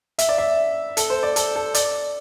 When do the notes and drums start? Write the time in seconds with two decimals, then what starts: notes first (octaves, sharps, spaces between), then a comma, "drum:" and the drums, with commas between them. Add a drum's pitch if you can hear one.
0.19 E5, drum: hi-hat
0.29 D5
0.38 E5
0.97 A4, drum: hi-hat
1.10 C5
1.23 D5
1.36 A4, drum: hi-hat
1.56 A4
1.74 D5, drum: hi-hat